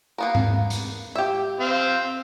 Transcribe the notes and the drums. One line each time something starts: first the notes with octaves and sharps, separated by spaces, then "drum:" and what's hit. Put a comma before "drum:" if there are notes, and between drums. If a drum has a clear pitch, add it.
A#3 B3 A#4
drum: tom G#2
drum: hi-hat
G4 E5
C4 F5